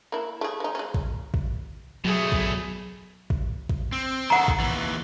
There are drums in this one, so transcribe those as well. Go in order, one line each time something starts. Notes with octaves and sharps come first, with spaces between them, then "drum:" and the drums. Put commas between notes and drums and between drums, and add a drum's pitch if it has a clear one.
A#3 E4
A3 G#4
F3 D#4
G#3 C#4
drum: kick A1
drum: kick A1
B2 F#3 A3 G#4
drum: kick A1
drum: kick A1
drum: kick A1
C4
D#3 A4 F#5 A#5
drum: kick A1
D#2 E3